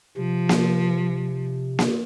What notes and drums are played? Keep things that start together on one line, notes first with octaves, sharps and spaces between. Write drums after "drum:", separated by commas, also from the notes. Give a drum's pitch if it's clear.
C3 F3
drum: snare A#3
drum: snare A#3